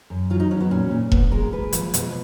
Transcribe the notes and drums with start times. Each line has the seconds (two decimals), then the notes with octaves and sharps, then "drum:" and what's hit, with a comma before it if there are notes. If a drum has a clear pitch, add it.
0.10 F#2
0.30 F#3 F4
0.40 D#4
0.51 F#3 C#4
0.60 B3
0.71 A#2 C#4
0.91 A#2
1.12 A#2 B3, drum: kick E1
1.32 G#3 A#4
1.53 G#3 B4
1.73 F3, drum: hi-hat
1.94 B2 B4, drum: hi-hat